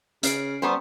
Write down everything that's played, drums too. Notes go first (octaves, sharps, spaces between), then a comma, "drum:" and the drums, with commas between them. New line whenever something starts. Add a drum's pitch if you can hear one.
C#3 C#4 F6 C7 D7, drum: hi-hat
G3 B3 C5 G#5 A#5 C#6